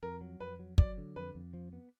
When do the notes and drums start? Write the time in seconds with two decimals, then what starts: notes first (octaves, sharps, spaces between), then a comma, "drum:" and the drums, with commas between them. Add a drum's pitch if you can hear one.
0.03 F2 A#4
0.21 F#3
0.40 F2 B4
0.59 F#3
0.78 F#3 D5, drum: kick
0.98 D3
1.16 F2 B4
1.35 F2
1.53 F3
1.73 B3